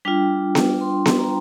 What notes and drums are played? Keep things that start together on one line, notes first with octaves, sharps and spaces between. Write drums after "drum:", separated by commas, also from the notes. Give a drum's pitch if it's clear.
G3 D4 F4 G5
drum: snare B3
C6
drum: snare B3
A#5